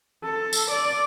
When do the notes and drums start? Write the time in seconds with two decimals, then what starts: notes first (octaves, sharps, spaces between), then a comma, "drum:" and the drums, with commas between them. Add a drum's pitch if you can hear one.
0.24 A4
0.53 drum: tambourine
0.71 D5